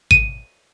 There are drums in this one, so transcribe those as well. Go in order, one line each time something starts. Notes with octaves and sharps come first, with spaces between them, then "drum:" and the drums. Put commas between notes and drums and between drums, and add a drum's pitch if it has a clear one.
D#7, drum: kick G#1